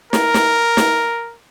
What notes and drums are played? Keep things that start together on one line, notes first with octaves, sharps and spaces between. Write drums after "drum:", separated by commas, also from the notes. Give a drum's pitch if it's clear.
A#4, drum: snare
drum: snare
drum: snare